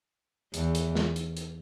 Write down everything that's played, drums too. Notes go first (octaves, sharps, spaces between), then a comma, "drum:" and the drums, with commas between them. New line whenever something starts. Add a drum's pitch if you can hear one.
E2, drum: hi-hat
drum: hi-hat
drum: snare
drum: hi-hat
drum: hi-hat